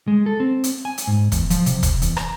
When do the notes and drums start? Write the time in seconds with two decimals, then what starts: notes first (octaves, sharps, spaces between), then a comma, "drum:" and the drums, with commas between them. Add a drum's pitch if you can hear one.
0.08 G#3
0.26 A4
0.40 C4
0.64 drum: hi-hat
0.85 G#5
0.98 drum: hi-hat
1.07 G#2
1.32 E2, drum: kick, hi-hat
1.50 F3, drum: hi-hat
1.66 C3, drum: hi-hat
1.83 drum: kick, hi-hat
2.02 E2, drum: hi-hat
2.17 A#5, drum: rim click